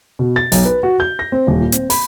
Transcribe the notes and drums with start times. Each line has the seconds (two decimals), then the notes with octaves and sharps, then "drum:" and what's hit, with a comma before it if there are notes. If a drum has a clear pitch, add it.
0.19 B2
0.36 A6
0.52 B1, drum: open hi-hat
0.65 B4
0.83 F#4
1.00 G6
1.19 A#6
1.32 C4
1.47 D#1
1.60 A#2
1.72 C4, drum: hi-hat
1.90 B5, drum: open hi-hat